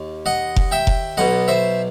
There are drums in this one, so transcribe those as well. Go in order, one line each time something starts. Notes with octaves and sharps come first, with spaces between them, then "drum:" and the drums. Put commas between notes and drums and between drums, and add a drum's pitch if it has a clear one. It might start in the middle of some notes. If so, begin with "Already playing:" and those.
Already playing: D#2
D#5 F#5
drum: kick F1
E5 G5
drum: kick F1
B1 B2 D#5 F#5
C5 E5